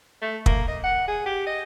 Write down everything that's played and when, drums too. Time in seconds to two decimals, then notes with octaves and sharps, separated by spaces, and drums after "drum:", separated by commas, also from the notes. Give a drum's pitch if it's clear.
0.22 A3
0.46 A#3, drum: kick
0.68 D#5
0.84 F#5
1.08 G#4
1.26 G4
1.47 D#5